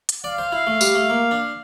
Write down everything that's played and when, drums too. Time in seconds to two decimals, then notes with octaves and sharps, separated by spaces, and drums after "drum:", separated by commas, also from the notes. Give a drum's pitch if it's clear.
0.09 drum: hi-hat
0.24 D5 F5
0.38 C5
0.52 E4
0.67 A3
0.81 G3, drum: tambourine
0.95 A3
1.10 A#3
1.31 D4